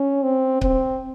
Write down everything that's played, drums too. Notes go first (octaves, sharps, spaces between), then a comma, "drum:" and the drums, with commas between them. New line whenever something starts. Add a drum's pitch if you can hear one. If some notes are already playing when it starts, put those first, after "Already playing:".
Already playing: C#4
C4
C4, drum: kick C#1